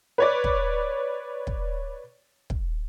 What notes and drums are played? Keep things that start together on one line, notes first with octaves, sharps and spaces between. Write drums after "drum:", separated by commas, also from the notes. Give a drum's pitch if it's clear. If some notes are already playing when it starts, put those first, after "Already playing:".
B4 C#5 D5
drum: kick
drum: kick
drum: kick